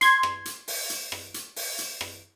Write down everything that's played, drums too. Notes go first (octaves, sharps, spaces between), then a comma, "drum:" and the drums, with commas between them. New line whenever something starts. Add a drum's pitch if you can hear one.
C6 G#6, drum: hi-hat
drum: rim click
drum: hi-hat
drum: open hi-hat
drum: hi-hat
drum: rim click
drum: hi-hat
drum: open hi-hat
drum: hi-hat
drum: rim click